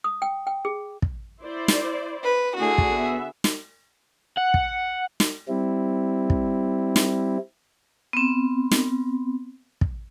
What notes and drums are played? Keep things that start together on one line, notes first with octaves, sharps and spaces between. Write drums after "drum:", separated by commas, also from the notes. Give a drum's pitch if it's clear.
D#6
G5
G5
G#4
drum: kick
E4 C5 D5
drum: snare
B4
D3 A3 E4 F#4 G#4
drum: kick
B3 E5
drum: snare
F#5
drum: kick
drum: snare
G3 C4 E4
drum: kick
drum: snare
B3 C4
drum: snare
drum: kick